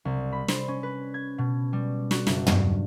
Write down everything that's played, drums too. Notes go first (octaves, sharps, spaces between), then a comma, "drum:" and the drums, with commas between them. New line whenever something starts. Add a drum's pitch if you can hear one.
C2
B5
C5, drum: snare
C#4
B4
G#6
B2
G3
F#4, drum: snare
F#1, drum: snare
G2, drum: tom